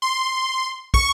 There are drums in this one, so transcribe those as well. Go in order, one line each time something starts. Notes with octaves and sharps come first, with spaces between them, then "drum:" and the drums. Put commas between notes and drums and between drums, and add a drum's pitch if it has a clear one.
C6
C#6, drum: kick